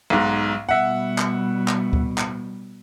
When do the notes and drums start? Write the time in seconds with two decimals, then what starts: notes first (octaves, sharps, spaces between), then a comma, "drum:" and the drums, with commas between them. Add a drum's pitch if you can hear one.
0.10 B1 G#2
0.69 B2 G3 E5 F#5
1.18 drum: clap
1.68 drum: clap
1.93 drum: kick D2
2.18 drum: clap